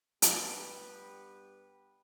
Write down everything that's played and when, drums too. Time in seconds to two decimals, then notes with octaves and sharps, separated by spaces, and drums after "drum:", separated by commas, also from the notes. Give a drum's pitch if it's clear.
0.22 G2 G3 B3 G4 B4, drum: hi-hat